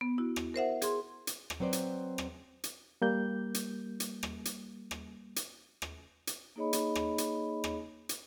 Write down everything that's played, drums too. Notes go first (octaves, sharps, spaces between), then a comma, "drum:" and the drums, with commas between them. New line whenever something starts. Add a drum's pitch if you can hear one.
B3
E4 F#4
drum: rim click
A#4 C5 E5 F#5
G#4 C6, drum: hi-hat
drum: hi-hat
drum: rim click
F#3 C4 B4 C5 D5
drum: hi-hat
drum: rim click
drum: hi-hat
G3 A#3 G6
drum: hi-hat
drum: hi-hat
drum: rim click
drum: hi-hat
drum: rim click
drum: hi-hat
drum: rim click
drum: hi-hat
A#3 D#4 G#4 C#5 D#5 B5
drum: hi-hat
drum: rim click
drum: hi-hat
drum: rim click
drum: hi-hat